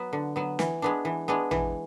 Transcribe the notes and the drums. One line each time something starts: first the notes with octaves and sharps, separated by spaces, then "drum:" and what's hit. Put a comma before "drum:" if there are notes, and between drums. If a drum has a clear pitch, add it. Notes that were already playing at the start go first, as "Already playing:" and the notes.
Already playing: F#3 B3
D3
F#3 B3
E3, drum: snare
G#3 B3 D4
E3
G#3 B3 D4
E3, drum: tom A1